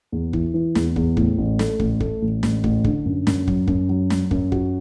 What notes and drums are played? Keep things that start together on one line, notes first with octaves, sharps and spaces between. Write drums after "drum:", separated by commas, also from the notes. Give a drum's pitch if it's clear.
E2
E3, drum: kick
E3
E2, drum: snare
E2, drum: kick
A2, drum: kick
A1
A3, drum: snare
A1, drum: kick
A3, drum: kick
A1
A1, drum: snare
A1, drum: kick
D3, drum: kick
F#2
F#2, drum: snare
F#3, drum: kick
F#2, drum: kick
F#3
F#3, drum: snare
F#2, drum: kick
F#4, drum: kick